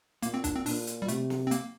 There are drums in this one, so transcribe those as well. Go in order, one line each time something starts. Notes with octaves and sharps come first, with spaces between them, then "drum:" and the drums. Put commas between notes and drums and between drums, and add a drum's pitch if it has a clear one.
A#2 A#3, drum: hi-hat
C4
D4, drum: kick, hi-hat
C4
A#2 D4, drum: open hi-hat
drum: hi-hat
G3
C3 A3, drum: hi-hat
drum: snare
C4
A#3, drum: hi-hat